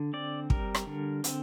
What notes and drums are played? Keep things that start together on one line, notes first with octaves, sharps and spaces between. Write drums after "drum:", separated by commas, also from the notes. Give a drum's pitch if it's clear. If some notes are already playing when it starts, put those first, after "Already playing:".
Already playing: D3
C4 D5
G3 A#4, drum: kick
drum: rim click
D3
C4, drum: hi-hat